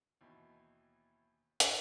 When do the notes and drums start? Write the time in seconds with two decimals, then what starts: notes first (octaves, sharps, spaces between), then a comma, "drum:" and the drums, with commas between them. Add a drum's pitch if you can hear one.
0.21 D#2 B2 E3
1.60 drum: hi-hat